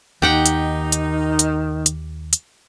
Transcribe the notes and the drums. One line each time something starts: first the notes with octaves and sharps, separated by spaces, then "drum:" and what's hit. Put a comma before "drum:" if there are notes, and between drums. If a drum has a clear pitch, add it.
D#2 D#3 D#4 G4 F#5 G5
drum: hi-hat
drum: hi-hat
drum: hi-hat
drum: hi-hat
drum: hi-hat